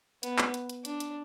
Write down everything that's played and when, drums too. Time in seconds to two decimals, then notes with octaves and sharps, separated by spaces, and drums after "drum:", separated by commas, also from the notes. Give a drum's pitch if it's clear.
0.23 B3, drum: hi-hat
0.39 drum: clap
0.54 drum: hi-hat
0.69 drum: hi-hat
0.85 D4, drum: hi-hat
1.00 drum: hi-hat